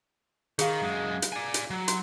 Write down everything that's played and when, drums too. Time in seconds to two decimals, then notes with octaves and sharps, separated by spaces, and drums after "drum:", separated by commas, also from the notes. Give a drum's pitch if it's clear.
0.59 D#3 G#4 F5, drum: hi-hat
0.82 F#2 G#3
1.22 drum: hi-hat
1.32 D5 G#5
1.54 drum: hi-hat
1.70 F#3
1.88 C6, drum: hi-hat